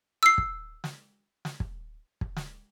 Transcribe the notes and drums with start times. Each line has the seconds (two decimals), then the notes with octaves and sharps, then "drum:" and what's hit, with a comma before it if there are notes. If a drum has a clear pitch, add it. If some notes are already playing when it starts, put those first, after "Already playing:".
0.23 E6 C7
0.38 drum: kick
0.84 drum: snare
1.45 drum: snare
1.60 drum: kick
2.21 drum: kick
2.36 drum: snare